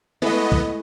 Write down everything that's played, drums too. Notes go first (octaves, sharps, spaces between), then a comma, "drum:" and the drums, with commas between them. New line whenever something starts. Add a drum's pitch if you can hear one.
G#3 A3 B3 E4 D#5
drum: kick